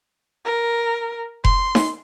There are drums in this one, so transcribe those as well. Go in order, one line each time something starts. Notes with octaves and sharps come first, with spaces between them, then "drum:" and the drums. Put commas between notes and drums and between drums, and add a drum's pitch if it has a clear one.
A#4
C6, drum: kick F1
drum: snare D#4